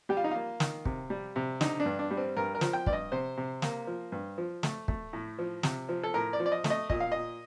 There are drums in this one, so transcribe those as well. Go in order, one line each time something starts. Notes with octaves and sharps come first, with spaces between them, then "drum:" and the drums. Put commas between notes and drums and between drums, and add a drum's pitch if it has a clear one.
G3 G4
F4
D#4
A#3 F4
D#3, drum: snare
C3, drum: kick
G3
C3
D3 D#4, drum: snare
D4
G2
D4
G3
C4
G2 A#4
A#4
F3, drum: snare
G5
G2 D5, drum: kick
D#5
C3 C5
C3
A#3, drum: snare
F3
G2
F3
A3, drum: snare
A3, drum: kick
A2
F3
C3, drum: snare
F3
A4
A2 A#4
D5
F3
D5
D#5
A3, drum: snare
D#5
A#2 D#5, drum: kick
F5
A#2 D#5